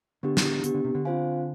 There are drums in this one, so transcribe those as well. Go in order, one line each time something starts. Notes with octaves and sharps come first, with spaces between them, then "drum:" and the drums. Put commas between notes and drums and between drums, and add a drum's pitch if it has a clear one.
D3 B3 D4 G4
drum: snare
D3 B3 D4 G4, drum: hi-hat
D3
C3
D3
C4 F4 C5 F5 G#5